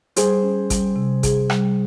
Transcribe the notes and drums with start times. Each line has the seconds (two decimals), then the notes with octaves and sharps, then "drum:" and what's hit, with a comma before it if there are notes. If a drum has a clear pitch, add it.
0.16 G3 G#4 C5, drum: hi-hat
0.43 C#4
0.70 G3, drum: kick G#1, hi-hat
0.96 C3
1.23 G#4, drum: kick G#1, hi-hat
1.50 G3, drum: rim click